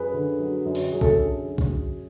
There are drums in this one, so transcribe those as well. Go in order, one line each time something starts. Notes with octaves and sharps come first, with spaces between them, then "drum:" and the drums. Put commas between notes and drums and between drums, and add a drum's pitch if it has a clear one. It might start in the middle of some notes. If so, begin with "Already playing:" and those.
Already playing: F#2 G#4 B4
D3
F#3
F#2
drum: open hi-hat
F#2 G#4
A4, drum: kick B1
G#4
D3
F#3
drum: kick B1
F#2